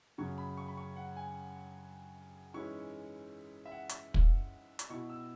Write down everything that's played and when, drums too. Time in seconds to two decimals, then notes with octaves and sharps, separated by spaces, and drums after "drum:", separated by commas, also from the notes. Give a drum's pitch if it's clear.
0.18 F#2 C#3 F#3 C#6
0.38 B5
0.57 C#6
0.68 B5
0.77 C#6
0.96 F#5
1.17 G#5
2.54 G#2 E3 G#3 C#4 E4 C#6
3.66 E5
3.72 F#5
3.89 drum: hi-hat
4.14 drum: kick
4.79 drum: hi-hat
4.89 B2 B3 E4 C#6
5.10 E6